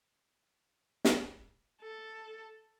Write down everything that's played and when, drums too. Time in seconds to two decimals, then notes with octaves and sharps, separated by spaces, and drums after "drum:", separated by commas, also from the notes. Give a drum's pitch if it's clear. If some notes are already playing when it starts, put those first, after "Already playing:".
1.05 drum: snare
1.81 A4